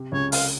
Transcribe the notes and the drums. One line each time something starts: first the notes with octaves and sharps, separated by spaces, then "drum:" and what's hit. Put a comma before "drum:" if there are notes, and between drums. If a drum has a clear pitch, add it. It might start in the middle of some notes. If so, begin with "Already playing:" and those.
Already playing: C3
C#2 C#3 C#5
F5, drum: open hi-hat